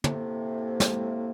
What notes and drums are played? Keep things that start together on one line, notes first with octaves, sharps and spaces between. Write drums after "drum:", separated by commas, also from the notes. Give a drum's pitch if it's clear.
A2 C3 A#3, drum: tom
drum: snare